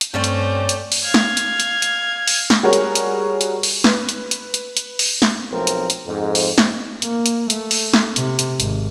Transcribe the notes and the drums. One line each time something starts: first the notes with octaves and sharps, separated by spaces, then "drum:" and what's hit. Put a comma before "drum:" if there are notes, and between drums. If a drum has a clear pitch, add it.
drum: hi-hat
G2 A3 C4 C#4 D5 G6
drum: hi-hat
drum: hi-hat
drum: open hi-hat
F5 G#6
drum: snare
drum: hi-hat
drum: hi-hat
drum: hi-hat
drum: open hi-hat
drum: snare
G3 F#4 G#4 A#4 C#5
drum: hi-hat
drum: hi-hat
drum: hi-hat
drum: open hi-hat
B4, drum: snare
drum: hi-hat
drum: hi-hat
drum: hi-hat
drum: hi-hat
drum: open hi-hat
drum: snare
B1 F3 C4 A#4
drum: hi-hat
drum: hi-hat
F2 G#2
drum: open hi-hat
drum: snare
A#3, drum: hi-hat
drum: hi-hat
A3, drum: hi-hat
drum: open hi-hat
drum: snare
C3, drum: hi-hat
drum: hi-hat
G#1, drum: hi-hat